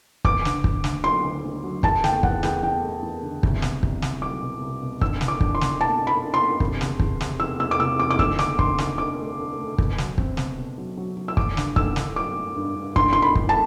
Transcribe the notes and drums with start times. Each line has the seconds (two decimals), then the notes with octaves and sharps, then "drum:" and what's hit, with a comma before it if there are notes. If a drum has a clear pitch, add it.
0.24 B3 D6, drum: kick
0.45 D3, drum: snare
0.64 D3, drum: kick
0.84 D2, drum: snare
1.04 F#3 C6
1.24 D2
1.43 D2
1.64 F#3
1.83 E2 A5, drum: kick
2.04 A3 G5, drum: snare
2.23 E2 F#5, drum: kick
2.43 E2 G5, drum: snare
2.63 E2 G5
2.83 A3
3.02 E2
3.22 D3
3.43 C2, drum: kick
3.62 B2, drum: snare
3.83 C2, drum: kick
4.02 C2, drum: snare
4.22 F#3 D6
4.42 B2
4.61 C2
4.82 B2
5.01 D4 E6, drum: kick
5.21 B2, drum: snare
5.28 D6
5.41 D4, drum: kick
5.55 C6
5.61 B2, drum: snare
5.81 B2 A5
6.01 D4
6.07 B5
6.20 D4
6.34 C6
6.40 D4
6.60 C3, drum: kick
6.81 E2, drum: snare
6.99 E2, drum: kick
7.21 C3, drum: snare
7.39 E2 E6
7.60 E2 E6
7.71 D6
7.80 C3 E6
7.99 E2 D6
8.10 D6
8.19 D2 E6, drum: kick
8.39 D4 D6, drum: snare
8.59 D3 C6, drum: kick
8.78 D2 D6, drum: snare
8.98 D4 D6
9.19 A3
9.39 D4
9.58 A3
9.78 B2, drum: kick
9.98 F#3, drum: snare
10.18 C4, drum: kick
10.37 B2, drum: snare
10.58 B2
10.78 F#3
10.97 F#3
11.17 F#3
11.28 E6
11.37 A3 D6, drum: kick
11.57 G2, drum: snare
11.76 A3 E6, drum: kick
11.96 G2, drum: snare
12.16 F#3 D6
12.36 A3
12.56 G2
12.76 G2
12.96 G2 C6, drum: kick
13.13 G2 C6
13.22 B5
13.35 G2, drum: kick
13.49 A5